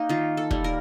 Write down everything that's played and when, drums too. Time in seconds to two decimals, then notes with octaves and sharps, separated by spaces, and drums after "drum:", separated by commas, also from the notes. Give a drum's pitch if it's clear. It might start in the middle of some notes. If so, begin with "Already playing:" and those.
Already playing: A#3 D#4
0.09 D#3 F4
0.37 A4
0.51 G3 A#3, drum: kick
0.64 A#4